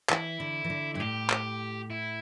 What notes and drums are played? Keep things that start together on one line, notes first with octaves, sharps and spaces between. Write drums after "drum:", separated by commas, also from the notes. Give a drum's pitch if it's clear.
E3 E4, drum: clap
D3
E3
D3
G2 E4
A2 G4
drum: clap
E4